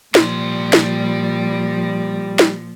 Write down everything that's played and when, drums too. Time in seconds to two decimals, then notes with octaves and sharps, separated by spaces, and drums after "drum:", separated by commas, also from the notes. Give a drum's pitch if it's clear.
0.15 A#2 F3 G3 C6, drum: snare
0.73 drum: snare
2.39 drum: snare